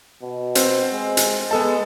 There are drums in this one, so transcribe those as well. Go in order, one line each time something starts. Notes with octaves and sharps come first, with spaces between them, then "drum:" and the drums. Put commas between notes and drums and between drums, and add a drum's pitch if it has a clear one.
B2
C4 C5, drum: hi-hat
G#3
drum: hi-hat
G#3 B3 A4 A5